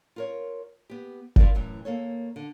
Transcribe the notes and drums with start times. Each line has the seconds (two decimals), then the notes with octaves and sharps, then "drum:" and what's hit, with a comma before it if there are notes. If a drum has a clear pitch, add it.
0.16 F4 A#4 C#5
0.90 B3 G4
1.36 E4 F4 A4 A#4 D5 F5, drum: kick F#1
1.55 F#2 A2 E3
1.85 D#2 A#3 A4 C#5
2.36 D3